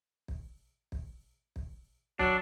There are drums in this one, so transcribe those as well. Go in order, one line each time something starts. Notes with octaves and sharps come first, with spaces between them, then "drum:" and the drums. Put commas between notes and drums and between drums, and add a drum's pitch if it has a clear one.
drum: kick
drum: kick
drum: kick
F#3 D4, drum: kick